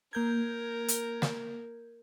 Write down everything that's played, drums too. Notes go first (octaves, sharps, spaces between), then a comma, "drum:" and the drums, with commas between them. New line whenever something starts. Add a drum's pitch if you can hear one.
A#3 A#4 G6 G#6
drum: hi-hat
drum: snare